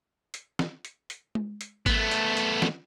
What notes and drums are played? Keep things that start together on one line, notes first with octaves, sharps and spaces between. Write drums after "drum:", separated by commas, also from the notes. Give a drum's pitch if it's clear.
drum: hi-hat
drum: snare
drum: hi-hat
drum: hi-hat
drum: tom G#3
drum: hi-hat
A3 B3, drum: kick G#1, hi-hat
drum: hi-hat
drum: hi-hat
drum: snare